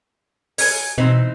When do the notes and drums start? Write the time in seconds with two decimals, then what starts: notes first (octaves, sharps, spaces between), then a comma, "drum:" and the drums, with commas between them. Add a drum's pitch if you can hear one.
0.58 C#5 G#5, drum: open hi-hat
0.98 B2 E3 C4 D#4